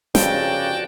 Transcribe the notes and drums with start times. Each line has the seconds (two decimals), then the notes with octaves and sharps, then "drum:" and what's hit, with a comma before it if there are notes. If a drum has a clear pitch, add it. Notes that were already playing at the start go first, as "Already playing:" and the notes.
0.15 G1 F2 C#3 F#4 D5 G5 A5, drum: snare